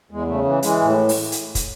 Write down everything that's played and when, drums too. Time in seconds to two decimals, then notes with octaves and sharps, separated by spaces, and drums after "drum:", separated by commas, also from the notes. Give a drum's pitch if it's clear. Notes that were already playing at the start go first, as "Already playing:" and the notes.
0.11 E2 G#3
0.28 C#3 A3
0.45 E3
0.63 E3 G#3, drum: hi-hat
0.80 A2
1.09 drum: open hi-hat
1.32 drum: hi-hat
1.55 drum: kick, hi-hat